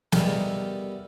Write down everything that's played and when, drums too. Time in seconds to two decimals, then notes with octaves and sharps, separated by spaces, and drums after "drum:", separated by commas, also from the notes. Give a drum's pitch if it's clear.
0.12 E2 G3 D#4 A4 A#4, drum: snare